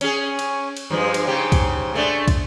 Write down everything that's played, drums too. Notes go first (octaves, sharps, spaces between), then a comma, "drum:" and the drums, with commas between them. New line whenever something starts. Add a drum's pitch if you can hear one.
C#4 G#4, drum: cymbal
drum: cymbal
drum: cymbal
G2 F3 G#3
drum: cymbal
G#2 C#3 G4
drum: kick, cymbal
G#3 A3 D4
drum: kick, cymbal